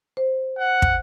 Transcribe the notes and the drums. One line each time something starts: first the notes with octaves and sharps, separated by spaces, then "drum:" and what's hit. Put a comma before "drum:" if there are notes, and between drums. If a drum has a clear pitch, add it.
C5
F#5
drum: kick